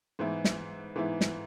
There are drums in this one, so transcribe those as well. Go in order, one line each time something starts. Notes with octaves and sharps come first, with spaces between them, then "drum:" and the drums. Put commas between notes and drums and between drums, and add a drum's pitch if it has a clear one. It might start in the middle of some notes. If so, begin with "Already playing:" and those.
G#2 E3 B3 E4
drum: snare
G#2 E3 B3 E4
drum: snare